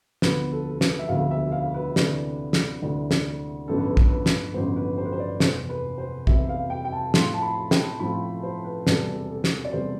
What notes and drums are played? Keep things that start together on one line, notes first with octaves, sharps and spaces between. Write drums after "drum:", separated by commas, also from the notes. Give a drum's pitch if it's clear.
E1 D2 D3 F3 B3 B4, drum: snare
A4
A4
B4, drum: snare
E5
E1 D2 D3 F3 B3 F5
E5
F5
B4
D2 C3 E3 A3 D4, drum: snare
drum: snare
D2 C3 E3 A3 D4
drum: snare
A1 G2 D3 F3 B3 A4
B4
A4
drum: kick
B4
drum: snare
A1 G2 D3 F3 B3 C5
B4
C5
B4
C5
D5
F1 E2 C3 C5, drum: snare
B4
C5
F1 E2 C3 E5, drum: kick
F5
G5
G5
A5
A2 F3 C4 F4 C6, drum: snare
A5
B5
G5, drum: snare
A2 F3 C4 F4 B5
C5
B4
E1 E2 C3 G3 A4, drum: snare
A4
drum: snare
D5
E2 C3 G3 C5